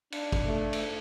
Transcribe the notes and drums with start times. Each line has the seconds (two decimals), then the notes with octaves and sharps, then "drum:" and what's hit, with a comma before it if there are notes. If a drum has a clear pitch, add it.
0.12 D4, drum: cymbal
0.32 drum: kick, cymbal
0.46 A3
0.73 drum: cymbal